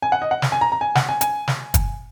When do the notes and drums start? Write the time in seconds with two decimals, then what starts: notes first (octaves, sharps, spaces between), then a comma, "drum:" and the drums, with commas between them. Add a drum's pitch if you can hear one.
0.02 G#5
0.12 F#5
0.22 D#5
0.31 F#5
0.42 drum: snare
0.52 G#5
0.61 A#5
0.72 A#5
0.81 G#5
0.95 F#5, drum: snare
1.09 G#5
1.21 G#5, drum: hi-hat
1.48 drum: snare
1.74 drum: kick, hi-hat